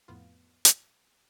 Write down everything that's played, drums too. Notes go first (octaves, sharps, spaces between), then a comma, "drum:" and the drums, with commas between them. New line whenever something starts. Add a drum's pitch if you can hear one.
F2 A2 B3 F4
drum: hi-hat